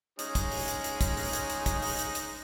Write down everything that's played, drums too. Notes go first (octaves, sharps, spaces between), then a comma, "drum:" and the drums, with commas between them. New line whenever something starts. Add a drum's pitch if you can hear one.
G#3 C#4 D#4, drum: hi-hat
drum: kick, hi-hat
drum: open hi-hat
drum: hi-hat
drum: hi-hat
drum: kick, hi-hat
drum: open hi-hat
drum: hi-hat
drum: hi-hat
drum: kick, hi-hat
drum: open hi-hat
drum: hi-hat
drum: hi-hat